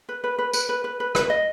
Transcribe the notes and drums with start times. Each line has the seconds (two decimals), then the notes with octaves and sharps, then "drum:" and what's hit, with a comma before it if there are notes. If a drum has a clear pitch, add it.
0.09 B4
0.24 B4
0.39 B4
0.53 B4, drum: tambourine
0.69 B4
0.84 B4
1.00 B4
1.15 B4, drum: rim click
1.30 D#5